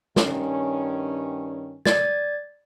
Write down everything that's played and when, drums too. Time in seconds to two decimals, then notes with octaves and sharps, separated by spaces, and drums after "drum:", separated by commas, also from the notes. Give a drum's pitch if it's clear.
0.16 G2 D#3 C#4, drum: snare
1.86 D5 G#6 A6, drum: snare